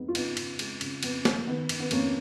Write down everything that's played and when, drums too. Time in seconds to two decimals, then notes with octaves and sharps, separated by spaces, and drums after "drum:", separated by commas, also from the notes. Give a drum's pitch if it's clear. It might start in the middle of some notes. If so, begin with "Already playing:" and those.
Already playing: F2 G#3 B3 D#4
0.08 F4
0.15 C#3 B3 D#4, drum: cymbal
0.37 C#3, drum: cymbal
0.59 G#3, drum: cymbal
0.81 C#3, drum: cymbal
1.03 F2 B3, drum: cymbal
1.25 F3 A#3, drum: snare
1.47 D#3 B3
1.69 D#3, drum: cymbal
1.80 B3
1.91 F2 A#3 C#4, drum: cymbal